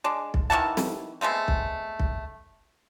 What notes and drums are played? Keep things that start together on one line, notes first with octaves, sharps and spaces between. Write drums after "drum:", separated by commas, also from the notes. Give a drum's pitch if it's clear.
G#3 D4
drum: kick B1
D#3 E3 F#5 A5
drum: snare
G#3 A3 B3 C4
drum: kick B1
drum: kick B1